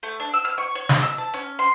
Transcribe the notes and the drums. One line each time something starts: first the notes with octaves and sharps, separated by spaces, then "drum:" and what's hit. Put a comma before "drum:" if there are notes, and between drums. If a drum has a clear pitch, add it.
A3
D4
E6
F6
C#6
C#5
D#5, drum: snare
E6
A5
C#4
C6